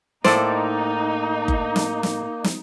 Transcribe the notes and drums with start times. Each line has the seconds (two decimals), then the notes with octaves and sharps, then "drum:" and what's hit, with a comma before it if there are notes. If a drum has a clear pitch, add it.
0.24 A2 A#3 D#4 A4 C5 D5, drum: snare
1.48 drum: kick F#1
1.76 drum: snare
2.03 drum: snare
2.44 drum: snare